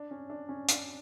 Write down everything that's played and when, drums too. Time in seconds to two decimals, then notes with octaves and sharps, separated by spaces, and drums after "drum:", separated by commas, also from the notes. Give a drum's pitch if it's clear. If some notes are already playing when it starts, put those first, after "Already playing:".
Already playing: D4
0.11 C#4
0.30 D4
0.49 C#4
0.68 D4, drum: hi-hat